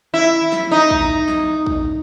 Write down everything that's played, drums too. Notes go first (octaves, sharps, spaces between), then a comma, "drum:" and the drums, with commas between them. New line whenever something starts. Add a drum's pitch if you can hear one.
E4
drum: snare
D#4
drum: kick
drum: snare
drum: kick